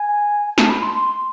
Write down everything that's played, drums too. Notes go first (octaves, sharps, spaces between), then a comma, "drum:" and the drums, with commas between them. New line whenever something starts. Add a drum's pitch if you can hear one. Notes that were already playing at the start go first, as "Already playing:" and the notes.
Already playing: G#5
A5, drum: snare
B5
C6
C6
C6